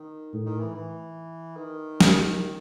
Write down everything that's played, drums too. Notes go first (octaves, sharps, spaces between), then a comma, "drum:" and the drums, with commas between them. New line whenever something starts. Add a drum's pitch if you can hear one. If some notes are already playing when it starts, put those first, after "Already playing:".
Already playing: D#3
A2
D#3
E3
E3
D#3
drum: snare